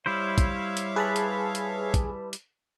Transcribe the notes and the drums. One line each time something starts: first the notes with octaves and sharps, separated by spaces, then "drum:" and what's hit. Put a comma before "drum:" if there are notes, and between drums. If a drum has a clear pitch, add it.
G3 E4 C5 C#5 E5 F5
drum: kick A#1, hi-hat
drum: hi-hat
G#4 B4 A5 B5
drum: hi-hat
drum: hi-hat
drum: kick A#1, hi-hat
drum: hi-hat